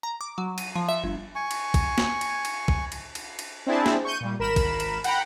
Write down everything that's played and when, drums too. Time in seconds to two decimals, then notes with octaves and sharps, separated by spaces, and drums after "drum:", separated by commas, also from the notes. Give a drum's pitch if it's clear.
0.03 A#5
0.21 D6
0.38 F#3
0.58 D#7, drum: cymbal
0.75 F3
0.89 E5
1.04 G1
1.35 G#5 C#6
1.51 drum: cymbal
1.74 drum: kick, cymbal
1.98 drum: snare
2.21 drum: cymbal
2.45 drum: cymbal
2.68 drum: kick
2.92 drum: cymbal
3.15 drum: cymbal
3.39 drum: cymbal
3.67 C4 D4 E4 G#4 A5
3.86 drum: snare
4.05 C#6 G6 D#7
4.20 A#2 G3
4.39 G#1 A#4 B5 E7
4.56 drum: kick, cymbal
4.80 drum: cymbal
5.04 F#5 G5 A#5 B5, drum: cymbal